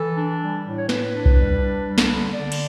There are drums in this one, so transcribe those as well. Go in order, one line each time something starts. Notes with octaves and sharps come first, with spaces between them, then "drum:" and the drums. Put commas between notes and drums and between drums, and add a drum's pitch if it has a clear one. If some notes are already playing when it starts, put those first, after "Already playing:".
Already playing: E3 A4
D4
G3
A2
C#5
A2 B4, drum: snare
D4
drum: kick B1
G3
D4
G3
drum: snare
D3
D3 D5
drum: cymbal